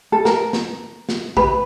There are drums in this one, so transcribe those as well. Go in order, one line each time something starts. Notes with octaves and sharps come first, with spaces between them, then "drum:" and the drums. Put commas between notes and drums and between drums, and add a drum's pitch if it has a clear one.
A4
A#4, drum: snare
drum: snare
drum: snare
B4, drum: kick